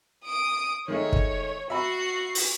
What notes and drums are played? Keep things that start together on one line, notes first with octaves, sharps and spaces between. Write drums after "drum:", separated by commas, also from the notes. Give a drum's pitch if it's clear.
D#6 D7
D#3 G#3 A3 C#5
drum: kick
F#4 E5 B5 C7
drum: open hi-hat